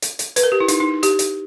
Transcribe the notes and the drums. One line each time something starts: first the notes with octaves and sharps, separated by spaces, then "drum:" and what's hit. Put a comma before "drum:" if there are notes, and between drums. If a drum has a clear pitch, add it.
drum: hi-hat
drum: hi-hat
B4, drum: hi-hat
A#4
G4
E4
D#4, drum: hi-hat
D#4
G4, drum: hi-hat
drum: hi-hat